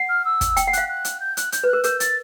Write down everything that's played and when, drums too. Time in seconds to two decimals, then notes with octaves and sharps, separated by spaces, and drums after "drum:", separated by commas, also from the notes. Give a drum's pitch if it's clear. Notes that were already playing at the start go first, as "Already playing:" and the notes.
Already playing: F#5
0.09 F6
0.25 E6
0.41 drum: kick, hi-hat
0.57 G5, drum: hi-hat
0.67 F#5
0.73 F5 F#6, drum: hi-hat
0.89 F#6
1.05 drum: hi-hat
1.20 G6
1.37 F#6, drum: hi-hat
1.52 G6, drum: hi-hat
1.64 B4 F#6
1.73 A#4
1.84 A#4 G6, drum: hi-hat
2.00 A6, drum: hi-hat